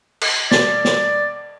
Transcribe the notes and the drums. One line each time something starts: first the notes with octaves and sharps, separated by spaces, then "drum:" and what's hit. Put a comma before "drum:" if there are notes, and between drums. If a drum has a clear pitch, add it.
drum: cymbal
D5, drum: snare
drum: snare